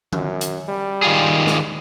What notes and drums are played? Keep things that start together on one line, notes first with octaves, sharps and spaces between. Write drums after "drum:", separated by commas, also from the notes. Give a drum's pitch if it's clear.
F#2, drum: tom D#3
drum: hi-hat
G3
D#3 F4 G#4
G#2, drum: snare